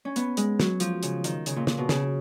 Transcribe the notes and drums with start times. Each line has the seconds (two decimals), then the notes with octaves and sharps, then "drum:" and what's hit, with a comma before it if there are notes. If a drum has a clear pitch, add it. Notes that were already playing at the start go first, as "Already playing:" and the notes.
0.05 C#4
0.16 B3, drum: hi-hat
0.37 G#3, drum: hi-hat
0.60 F#3, drum: snare
0.80 F3, drum: hi-hat
1.03 C#3, drum: hi-hat
1.24 D#3, drum: hi-hat
1.46 C#3, drum: hi-hat
1.56 A#2
1.67 A#2, drum: snare
1.78 B2
1.89 C#3, drum: snare